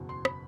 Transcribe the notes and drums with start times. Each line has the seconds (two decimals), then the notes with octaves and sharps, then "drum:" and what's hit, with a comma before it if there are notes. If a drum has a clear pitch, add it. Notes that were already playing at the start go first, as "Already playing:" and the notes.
Already playing: F#1 E2 B2
0.09 C6
0.25 B5, drum: rim click